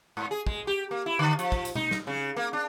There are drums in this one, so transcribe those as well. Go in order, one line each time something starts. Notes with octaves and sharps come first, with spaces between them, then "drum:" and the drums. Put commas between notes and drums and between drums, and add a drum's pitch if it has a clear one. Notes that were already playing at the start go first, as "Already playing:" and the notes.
G#2
G#4
G#3, drum: kick
G4
A#3
E4
D3
F3, drum: hi-hat
drum: kick
drum: hi-hat
D#4, drum: tom B2
drum: snare
C#3
A#3
D4